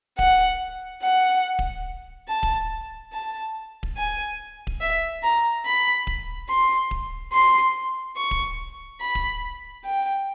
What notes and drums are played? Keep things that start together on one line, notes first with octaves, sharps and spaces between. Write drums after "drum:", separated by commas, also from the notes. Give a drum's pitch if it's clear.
F#5, drum: kick D1
F#5
drum: kick D1
A5
drum: kick D1
A5
drum: kick D1
G#5
drum: kick D1
E5
A#5
B5
drum: kick D1
C6
drum: kick D1
C6
C#6
drum: kick D1
B5
drum: kick D1
G5